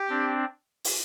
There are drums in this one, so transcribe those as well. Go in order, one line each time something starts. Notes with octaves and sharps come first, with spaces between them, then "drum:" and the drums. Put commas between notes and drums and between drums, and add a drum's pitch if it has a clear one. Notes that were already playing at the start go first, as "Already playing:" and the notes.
Already playing: G4
C4 D4
drum: open hi-hat